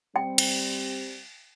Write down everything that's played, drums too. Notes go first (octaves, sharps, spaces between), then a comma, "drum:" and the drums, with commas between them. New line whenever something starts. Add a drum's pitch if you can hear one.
G3 C4 G5
drum: cymbal